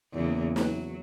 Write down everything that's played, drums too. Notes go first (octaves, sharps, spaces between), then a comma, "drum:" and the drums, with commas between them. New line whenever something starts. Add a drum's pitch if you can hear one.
E2 C#3 A#3
F#3, drum: snare